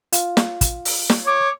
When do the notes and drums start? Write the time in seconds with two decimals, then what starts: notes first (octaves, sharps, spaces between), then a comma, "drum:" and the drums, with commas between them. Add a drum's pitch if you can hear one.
0.12 F4, drum: hi-hat
0.37 drum: snare
0.61 drum: kick, hi-hat
0.85 drum: open hi-hat
1.10 drum: snare
1.26 C#5 D6